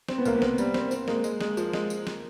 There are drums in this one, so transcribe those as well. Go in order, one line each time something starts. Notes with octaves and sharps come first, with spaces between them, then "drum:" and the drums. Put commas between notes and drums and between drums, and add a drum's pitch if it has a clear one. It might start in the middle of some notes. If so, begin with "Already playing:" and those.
C4, drum: snare
B3
C2 A#3, drum: tambourine
B3
C4, drum: snare
G3, drum: tambourine
C4, drum: snare
C4, drum: tambourine
G#3 A#3, drum: snare
G#3, drum: tambourine
G#3, drum: snare
F3, drum: tambourine
G#3, drum: snare
drum: tambourine
drum: snare